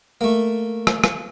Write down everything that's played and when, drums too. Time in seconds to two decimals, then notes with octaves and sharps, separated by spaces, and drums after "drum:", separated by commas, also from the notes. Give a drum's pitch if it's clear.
0.21 A3 A#3
0.87 drum: rim click
1.04 drum: rim click